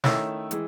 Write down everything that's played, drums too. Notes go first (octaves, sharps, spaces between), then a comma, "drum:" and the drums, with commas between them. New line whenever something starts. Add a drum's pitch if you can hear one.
D#3 A3 C#4 E4 E6, drum: snare
E3 G#3, drum: hi-hat